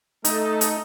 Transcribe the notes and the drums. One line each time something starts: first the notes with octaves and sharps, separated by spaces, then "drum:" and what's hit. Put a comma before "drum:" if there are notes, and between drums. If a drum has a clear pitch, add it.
A3 D#4 A4, drum: hi-hat
drum: hi-hat